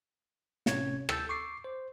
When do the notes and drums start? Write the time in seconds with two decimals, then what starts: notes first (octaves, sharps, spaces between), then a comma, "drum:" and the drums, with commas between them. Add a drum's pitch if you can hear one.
0.66 A2 C3 C#4 C#5 G#6, drum: snare
1.09 A4 E6 G6 A6, drum: rim click
1.29 C#6 D6 C7
1.64 C5